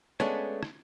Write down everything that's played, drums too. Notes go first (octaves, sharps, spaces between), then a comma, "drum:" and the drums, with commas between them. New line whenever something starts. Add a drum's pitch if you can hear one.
G#3 A3 B3 C#4 D4, drum: rim click
drum: rim click